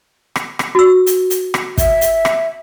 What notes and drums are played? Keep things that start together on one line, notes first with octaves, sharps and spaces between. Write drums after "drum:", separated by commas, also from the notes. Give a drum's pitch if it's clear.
drum: rim click
drum: rim click
F#4 E6
drum: hi-hat
drum: hi-hat
drum: rim click
E5, drum: kick, hi-hat
drum: hi-hat
drum: rim click